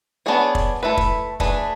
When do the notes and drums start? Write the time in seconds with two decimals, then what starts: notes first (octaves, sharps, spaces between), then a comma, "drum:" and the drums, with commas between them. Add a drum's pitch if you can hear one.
0.26 B3 D4 G#4 C#5
0.55 drum: kick
0.83 A3 E4 B4
0.97 drum: kick
1.40 A3 D4 G#4 B4, drum: kick